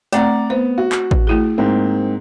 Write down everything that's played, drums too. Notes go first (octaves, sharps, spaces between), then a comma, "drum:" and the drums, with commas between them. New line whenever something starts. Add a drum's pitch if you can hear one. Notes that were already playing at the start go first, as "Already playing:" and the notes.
A3 C4 D5 F#5 A#5, drum: hi-hat
B3 C5
F#4
drum: clap
drum: kick A1
A3 E4 G#4
G#2 A#3 C4